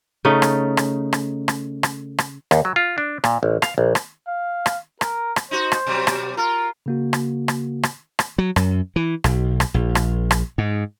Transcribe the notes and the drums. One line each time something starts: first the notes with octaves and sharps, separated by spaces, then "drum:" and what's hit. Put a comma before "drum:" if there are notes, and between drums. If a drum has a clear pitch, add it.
C#3 A3 D#4
drum: rim click
drum: rim click
drum: rim click
drum: rim click
drum: rim click
drum: rim click
D#2, drum: rim click
F#3
F4
D4
A#2, drum: rim click
A1
F5, drum: rim click
A#1
drum: rim click
F5
drum: rim click
A#4, drum: rim click
drum: rim click
D#4 F#4 C5
drum: rim click
B2 F#3 G3
drum: rim click
F4 A#4
C#3 A#3 F#4
drum: rim click
drum: rim click
drum: rim click
drum: rim click
F#3
F#2, drum: rim click
E3
B1, drum: rim click
drum: rim click
A#1
drum: rim click
drum: rim click
G#2